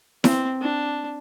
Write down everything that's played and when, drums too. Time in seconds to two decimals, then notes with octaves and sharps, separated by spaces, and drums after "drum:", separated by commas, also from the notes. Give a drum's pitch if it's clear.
0.24 C4, drum: snare E4
0.61 D4